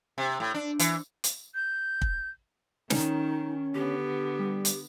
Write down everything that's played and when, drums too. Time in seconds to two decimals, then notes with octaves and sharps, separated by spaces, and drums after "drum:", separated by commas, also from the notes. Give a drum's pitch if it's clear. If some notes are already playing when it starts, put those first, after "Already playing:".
0.18 C3
0.40 A2
0.54 D4
0.79 E3, drum: hi-hat
1.24 drum: hi-hat
1.55 G6
2.02 drum: kick
2.90 D#3 C#4 D#4, drum: snare
3.75 D3 B3 G4
4.39 G3
4.65 drum: hi-hat